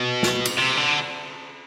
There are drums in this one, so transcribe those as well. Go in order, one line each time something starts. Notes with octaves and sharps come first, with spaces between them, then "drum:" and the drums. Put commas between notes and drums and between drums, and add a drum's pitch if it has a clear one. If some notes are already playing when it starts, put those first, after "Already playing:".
Already playing: B2
drum: snare
drum: cymbal
C3
D3